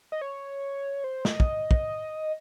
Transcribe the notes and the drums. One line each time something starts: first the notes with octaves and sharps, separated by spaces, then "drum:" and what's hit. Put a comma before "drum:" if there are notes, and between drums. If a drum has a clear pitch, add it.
D#5
C#5
C5
D#5, drum: snare
drum: kick
drum: kick